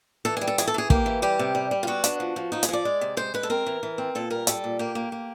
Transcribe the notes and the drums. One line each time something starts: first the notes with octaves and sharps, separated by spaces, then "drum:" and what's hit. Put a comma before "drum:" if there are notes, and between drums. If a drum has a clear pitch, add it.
E3 A4
G3 G#4
A4
E3 G#4, drum: hi-hat
A4
E3 G#4
A#3 G4, drum: kick
E3
G3 G4
C3
G3
G3
F4
B3 F#4
D4, drum: hi-hat
F3
F3
F3 D#4
G#4, drum: hi-hat
F3 D5
G#3
C3
G#3 C5
G#3 B4
A4
C4 A#4
E3
E3
C4
A#2 A4
G3 A#4
G3 A4, drum: hi-hat
A#2
A#3 G4
A#3
A#3